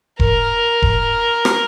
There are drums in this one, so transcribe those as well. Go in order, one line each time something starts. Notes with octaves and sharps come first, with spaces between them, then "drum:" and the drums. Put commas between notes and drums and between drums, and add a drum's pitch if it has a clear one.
A#4, drum: kick E1
drum: kick E1
drum: rim click